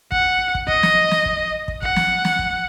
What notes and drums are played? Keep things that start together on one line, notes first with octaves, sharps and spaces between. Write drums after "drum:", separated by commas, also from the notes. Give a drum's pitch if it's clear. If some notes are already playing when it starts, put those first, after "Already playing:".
F#5, drum: kick
drum: kick
D#5, drum: kick
drum: snare
drum: snare
drum: kick
drum: kick
F#5, drum: kick
drum: snare
drum: snare
drum: kick